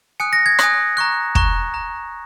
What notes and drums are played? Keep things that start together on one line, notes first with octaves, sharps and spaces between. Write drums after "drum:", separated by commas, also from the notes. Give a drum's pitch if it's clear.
G#5 D#6 F#6 C#7
A#6
G#6
G#5 D#6 F#6, drum: rim click
A#5 C#6 F#6
A#5 C#6 F#6, drum: kick
A#5 F#6